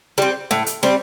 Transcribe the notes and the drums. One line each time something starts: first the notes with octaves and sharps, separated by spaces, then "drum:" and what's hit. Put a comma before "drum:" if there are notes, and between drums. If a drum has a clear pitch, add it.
G3 C4
A2, drum: snare
drum: hi-hat
G3 C4, drum: snare